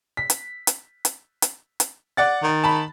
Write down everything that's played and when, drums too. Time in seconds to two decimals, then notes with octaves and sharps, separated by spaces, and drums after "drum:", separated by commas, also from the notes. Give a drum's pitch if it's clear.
0.17 B6
0.30 drum: hi-hat
0.67 drum: hi-hat
1.05 drum: hi-hat
1.42 drum: hi-hat
1.80 drum: hi-hat
2.17 D5 F#5 A6
2.43 D#3
2.64 A5 B5